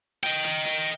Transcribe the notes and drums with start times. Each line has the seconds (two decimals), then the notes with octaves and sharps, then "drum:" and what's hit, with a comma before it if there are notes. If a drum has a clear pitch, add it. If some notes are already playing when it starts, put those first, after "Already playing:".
0.23 D#5 G5, drum: hi-hat
0.44 drum: hi-hat
0.65 drum: hi-hat